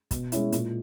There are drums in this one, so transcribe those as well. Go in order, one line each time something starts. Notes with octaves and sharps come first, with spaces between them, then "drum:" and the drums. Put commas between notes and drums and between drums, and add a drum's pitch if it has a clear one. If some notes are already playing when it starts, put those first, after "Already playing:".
B2, drum: kick, hi-hat
G#3 C#4 E4, drum: hi-hat
A#2, drum: hi-hat